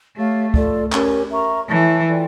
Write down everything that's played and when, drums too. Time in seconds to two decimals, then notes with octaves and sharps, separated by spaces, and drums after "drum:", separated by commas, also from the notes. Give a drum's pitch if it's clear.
0.16 A3 G4 C#5 F5
0.54 F4 A4 D5, drum: kick
0.92 C#4 G4 A#4 C#5, drum: clap
1.30 A#4 E5 A#5 C#6
1.69 E3 A4 C#5 E5 A5
2.08 F4 A4 D5 G5